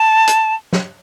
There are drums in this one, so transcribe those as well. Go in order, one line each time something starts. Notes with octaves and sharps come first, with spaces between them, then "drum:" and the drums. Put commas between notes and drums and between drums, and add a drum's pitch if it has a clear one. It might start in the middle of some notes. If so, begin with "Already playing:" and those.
Already playing: A5
drum: hi-hat
drum: snare